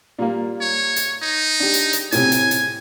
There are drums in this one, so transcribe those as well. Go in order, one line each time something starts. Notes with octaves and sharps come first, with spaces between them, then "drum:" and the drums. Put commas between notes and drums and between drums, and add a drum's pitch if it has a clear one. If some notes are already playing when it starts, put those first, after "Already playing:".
A#2 G3 A#3
C#5
drum: hi-hat
D#4
D4 G4
drum: hi-hat
drum: hi-hat
A2 C3 G#5, drum: hi-hat
drum: hi-hat
drum: hi-hat